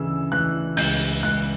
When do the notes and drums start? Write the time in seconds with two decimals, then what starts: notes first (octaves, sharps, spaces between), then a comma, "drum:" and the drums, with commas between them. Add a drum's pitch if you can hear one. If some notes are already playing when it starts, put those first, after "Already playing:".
Already playing: D2 C#3 E3 E6
0.32 E3 F#6
0.77 C#2 G6, drum: open hi-hat
1.23 C#2 F#6